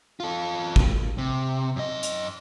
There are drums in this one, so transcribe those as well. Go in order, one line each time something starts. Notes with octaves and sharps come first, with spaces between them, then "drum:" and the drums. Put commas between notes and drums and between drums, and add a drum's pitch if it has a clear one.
F4 A4
drum: kick
C3
F#2 D#5
drum: hi-hat